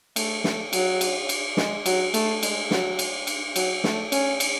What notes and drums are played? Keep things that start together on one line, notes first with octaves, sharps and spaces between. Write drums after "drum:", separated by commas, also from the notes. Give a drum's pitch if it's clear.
A3, drum: cymbal
A3, drum: snare
F#3, drum: cymbal
drum: cymbal
drum: cymbal
G#3, drum: snare
F#3, drum: cymbal
A3, drum: cymbal
G#3, drum: cymbal
F#3, drum: snare
drum: cymbal
drum: cymbal
F#3, drum: cymbal
A3, drum: snare
C#4, drum: cymbal
drum: cymbal